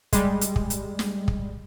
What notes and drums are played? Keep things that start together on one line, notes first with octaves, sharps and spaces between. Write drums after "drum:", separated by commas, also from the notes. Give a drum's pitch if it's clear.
G3 G#3, drum: kick, hi-hat
drum: hi-hat
drum: kick
drum: hi-hat
drum: snare
drum: kick